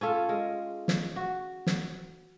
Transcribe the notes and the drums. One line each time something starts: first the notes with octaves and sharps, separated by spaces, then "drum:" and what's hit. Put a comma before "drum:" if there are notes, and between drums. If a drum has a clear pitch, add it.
C#4 F4 A4
G#3
drum: snare
F#4
drum: snare